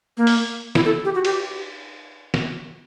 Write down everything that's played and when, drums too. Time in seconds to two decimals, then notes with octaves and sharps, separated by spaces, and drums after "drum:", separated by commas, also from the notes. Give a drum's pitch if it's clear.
0.17 A#3
0.27 drum: open hi-hat
0.75 E4, drum: snare
0.85 A4
1.05 G4
1.14 F#4
1.25 G4, drum: cymbal
2.34 drum: snare